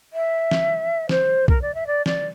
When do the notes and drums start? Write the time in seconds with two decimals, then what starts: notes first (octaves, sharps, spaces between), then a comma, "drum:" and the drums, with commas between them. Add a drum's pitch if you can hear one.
0.13 E5
0.51 drum: snare
1.09 C5, drum: snare
1.48 A#4, drum: kick
1.61 D5
1.74 E5
1.87 D5
2.06 D5, drum: snare